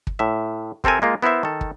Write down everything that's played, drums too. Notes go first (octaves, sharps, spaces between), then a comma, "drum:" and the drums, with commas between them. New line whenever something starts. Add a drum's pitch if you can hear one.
drum: kick
A2 E5
C3 C4 A4 A#4 G#5, drum: kick
G#3 A#3 F4
B3 E4 A#4 C5 E5
D#3 A4
drum: kick